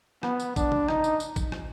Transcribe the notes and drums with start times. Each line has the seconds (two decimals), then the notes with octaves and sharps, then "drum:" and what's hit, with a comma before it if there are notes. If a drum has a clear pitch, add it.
0.23 B3, drum: rim click
0.40 drum: tambourine
0.56 D4, drum: kick, tambourine
0.72 drum: tom
0.88 D#4, drum: rim click
1.04 drum: tambourine
1.20 drum: tambourine
1.36 drum: kick, tambourine
1.52 drum: rim click